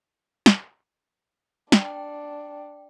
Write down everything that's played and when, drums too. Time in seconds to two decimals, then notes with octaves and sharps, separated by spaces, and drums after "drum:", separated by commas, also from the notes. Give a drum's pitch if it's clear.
0.46 drum: snare
1.72 D4 G5, drum: snare